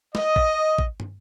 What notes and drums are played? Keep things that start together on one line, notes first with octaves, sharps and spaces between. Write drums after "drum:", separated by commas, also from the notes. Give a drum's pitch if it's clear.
D#5, drum: snare
drum: kick
drum: kick
drum: tom